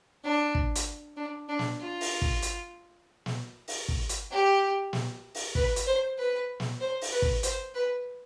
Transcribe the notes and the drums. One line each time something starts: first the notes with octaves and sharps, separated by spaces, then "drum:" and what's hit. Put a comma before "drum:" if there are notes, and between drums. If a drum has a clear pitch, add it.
D4
drum: kick
drum: hi-hat
D4
D4
drum: snare
F4
drum: open hi-hat
drum: kick
drum: hi-hat
drum: snare
drum: open hi-hat
drum: kick
drum: hi-hat
G4
drum: snare
drum: open hi-hat
B4, drum: kick
drum: hi-hat
C5
B4
drum: snare
C5
drum: open hi-hat
B4
drum: kick
C5, drum: hi-hat
B4